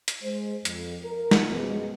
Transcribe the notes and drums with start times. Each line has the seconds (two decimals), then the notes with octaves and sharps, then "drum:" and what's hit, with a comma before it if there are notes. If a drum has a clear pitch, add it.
0.08 drum: hi-hat
0.23 G#3 C5
0.65 F2, drum: hi-hat
1.03 A#4
1.31 drum: snare
1.51 F#2 B2 F3 G#3 B3